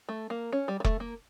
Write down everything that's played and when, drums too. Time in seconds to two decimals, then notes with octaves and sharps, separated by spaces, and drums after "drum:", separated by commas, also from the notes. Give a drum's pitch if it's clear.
0.09 A3
0.30 A#3
0.52 C#4
0.68 G3
0.80 G3
0.85 A3, drum: kick F1
1.00 A#3